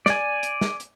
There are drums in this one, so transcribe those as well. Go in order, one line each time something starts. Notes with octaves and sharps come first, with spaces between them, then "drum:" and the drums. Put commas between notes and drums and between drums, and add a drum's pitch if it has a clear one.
D5 G#5, drum: snare
drum: hi-hat
drum: snare
drum: hi-hat